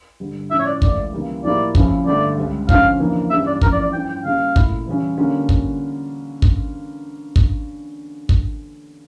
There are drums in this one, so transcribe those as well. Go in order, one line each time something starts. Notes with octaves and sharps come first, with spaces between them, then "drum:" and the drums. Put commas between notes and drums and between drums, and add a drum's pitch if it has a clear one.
G2 D3 G3
A2 F3 C#4 E5
C#5
D5
C#2 C#3 E3 A3 D5, drum: kick
C#3 E3 G3 A#3
A2 F3 A#3 E4 G4 D5
F2 C#3 F3 C#4 E4, drum: kick
G2 D3 A3 D5
C#2 C#3 G3
F2 D3 F3 C#4 F5, drum: kick
F2 C#3 E3 A#3 D4
G2 E3 G3 C#4 E5
D5
F2 E3 A3 C#4 F4 A#4, drum: kick
D5
D5
G2 F3 C#4 E4 G5
G5
C#3 G3 A#3 C#4 F5
A#2 A3 E4, drum: kick
E2 C#3 G3 C#4
D3 G3 A#3 C#4 F4
drum: kick
drum: kick
drum: kick
drum: kick